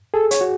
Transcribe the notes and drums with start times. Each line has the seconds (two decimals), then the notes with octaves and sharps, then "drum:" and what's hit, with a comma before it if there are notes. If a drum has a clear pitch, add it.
0.14 G#4 A4
0.31 C#5, drum: hi-hat
0.41 F#4